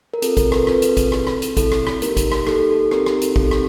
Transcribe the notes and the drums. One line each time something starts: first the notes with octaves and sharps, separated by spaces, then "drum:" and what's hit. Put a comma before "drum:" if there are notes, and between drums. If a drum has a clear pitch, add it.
A#4
C4 F4 G#4 A4, drum: hi-hat
A#4, drum: kick A1, hi-hat
A4 B4, drum: rim click
C4 F4 G#4 A4 B4, drum: rim click
drum: hi-hat
drum: kick A1, hi-hat
C4 E4 A4, drum: rim click
drum: rim click
drum: hi-hat
C4 E4 A4, drum: kick A1, hi-hat
drum: rim click
drum: rim click
A#3 D#4 G4 A#4, drum: hi-hat
drum: kick A1, hi-hat
drum: rim click
A#3 D#4 G4 A4, drum: rim click
A4
C4 D#4 G4 A#4, drum: rim click
drum: rim click
drum: hi-hat
C4 D#4 G4 A4, drum: kick A1
drum: rim click